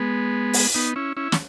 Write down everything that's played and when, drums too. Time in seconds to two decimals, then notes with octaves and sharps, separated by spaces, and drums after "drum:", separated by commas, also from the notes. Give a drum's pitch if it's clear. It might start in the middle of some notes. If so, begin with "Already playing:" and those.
Already playing: G#3 B3
0.53 drum: open hi-hat
0.75 B3 D#4
0.96 C#4 E4
1.17 C#4 E4
1.32 C#4, drum: snare